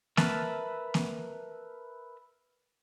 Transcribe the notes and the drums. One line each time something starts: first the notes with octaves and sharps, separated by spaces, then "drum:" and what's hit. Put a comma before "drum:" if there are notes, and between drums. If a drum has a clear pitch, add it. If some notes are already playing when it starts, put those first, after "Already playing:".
A#4 B4 E5 A5 B5, drum: snare A#3
drum: snare A#3